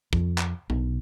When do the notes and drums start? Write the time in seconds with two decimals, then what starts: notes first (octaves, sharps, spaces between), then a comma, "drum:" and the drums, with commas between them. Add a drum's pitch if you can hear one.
0.13 F2, drum: kick
0.38 drum: clap
0.70 B1, drum: tom B2